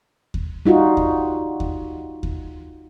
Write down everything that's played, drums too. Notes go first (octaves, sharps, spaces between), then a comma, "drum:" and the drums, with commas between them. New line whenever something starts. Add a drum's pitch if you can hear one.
drum: kick D#2
G3 D#4 F4 F#4
drum: kick D#2
drum: kick D#2
drum: kick D#2